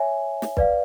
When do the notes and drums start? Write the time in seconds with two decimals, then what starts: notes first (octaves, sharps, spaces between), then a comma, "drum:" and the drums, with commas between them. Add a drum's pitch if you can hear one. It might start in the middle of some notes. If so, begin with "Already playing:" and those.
Already playing: C#5 E5 G#5
0.42 drum: snare
0.57 B4 D5 F5, drum: kick